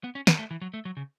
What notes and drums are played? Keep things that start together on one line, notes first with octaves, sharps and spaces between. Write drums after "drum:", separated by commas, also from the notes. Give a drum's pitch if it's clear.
B3
C#4
B3, drum: snare
A3
E3
F#3
A3
F#3
C#3